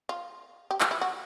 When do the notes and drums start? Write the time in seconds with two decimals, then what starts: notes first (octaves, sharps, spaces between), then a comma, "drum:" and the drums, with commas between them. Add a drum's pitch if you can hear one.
0.09 F4
0.71 G4
0.81 F4, drum: clap
0.91 E4
1.01 F#4